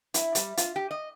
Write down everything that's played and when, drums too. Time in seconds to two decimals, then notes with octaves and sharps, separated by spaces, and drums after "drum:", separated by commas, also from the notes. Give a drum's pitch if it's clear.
0.14 E4, drum: hi-hat
0.35 G3, drum: hi-hat
0.57 F4, drum: hi-hat
0.76 G4
0.91 D#5